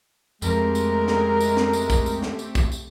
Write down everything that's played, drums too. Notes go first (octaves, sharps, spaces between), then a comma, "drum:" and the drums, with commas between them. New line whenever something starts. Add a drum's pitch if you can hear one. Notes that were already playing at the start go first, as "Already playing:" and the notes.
F2 G#3 A3 C4 G4 A#4, drum: tambourine
drum: tambourine
drum: snare
drum: tambourine
drum: snare
drum: tambourine
drum: kick, tambourine
drum: tambourine
drum: snare
drum: tambourine
drum: kick, tambourine
drum: tambourine